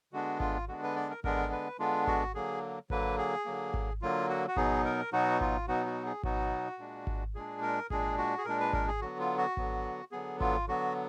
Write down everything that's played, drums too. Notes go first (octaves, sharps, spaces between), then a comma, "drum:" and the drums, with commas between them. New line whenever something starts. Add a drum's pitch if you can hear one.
D3 G#3 B3 D4 F#4
F4, drum: kick G#1
D3 G#3 B3 D4 F#4
B4
D5
A#4
D3 G#3 B3 D4 A#4, drum: kick G#1
B4
D3 G#3 B3 D4 F4
F#4, drum: kick G#1
D3 F#3 A#3 G#4
D3 F#3 A#3 B4, drum: kick G#1
G#4
D3 F#3 A#3
drum: kick G#1
D3 F#3 A#3 F4
F#4
F#4
B2 F#3 B3 D#4 G#4, drum: kick G#1
A#4
B2 F#3 B3 D#4 F#4
F4, drum: kick G#1
B2 F#3 B3 D#4 F#4
F#4
G#4
B2 F#3 B3 D#4 F#4, drum: kick G#1
A#2 G#3 D4
drum: kick G#1
A#2 G#3 D4 G#4
A#4
A#2 G#3 D4 G#4, drum: kick G#1
F#4
G#4
A#2 G#3 D4 A#4
B4
A#4, drum: kick G#1
G#4
D3 F#3 B3 F#4
F4
F#4
D3 F#3 B3, drum: kick G#1
D3 F#3 B3 G#4
F4, drum: kick G#1
D3 F#3 B3 F#4